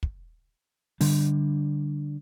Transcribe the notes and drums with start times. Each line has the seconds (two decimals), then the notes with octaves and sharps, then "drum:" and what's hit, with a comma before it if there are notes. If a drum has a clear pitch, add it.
0.03 drum: kick
1.01 D3 G3 D4, drum: open hi-hat